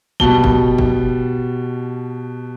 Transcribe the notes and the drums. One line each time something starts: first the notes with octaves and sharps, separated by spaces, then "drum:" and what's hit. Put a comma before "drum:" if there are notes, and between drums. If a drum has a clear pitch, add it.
B2 G3 A5 G7, drum: kick F#1
drum: kick F#1
drum: kick F#1